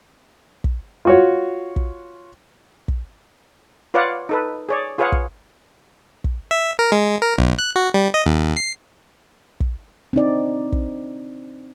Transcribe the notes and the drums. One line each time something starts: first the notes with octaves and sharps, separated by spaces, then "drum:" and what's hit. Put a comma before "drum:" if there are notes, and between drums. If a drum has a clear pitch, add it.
drum: kick
F4 F#4 C#5
drum: kick
drum: kick
F4 B4 C#5 D5 F5 F#5
D#4 A4 B4
G#4 C#5 D5
F4 G#4 B4 C#5 F5 F#5
drum: kick
drum: kick
E5
A#4
G#3
A#4
B1, drum: kick
F#6
F#4
G3
D#5
D#2
C7
drum: kick
C4 D4 D#4 D5
drum: kick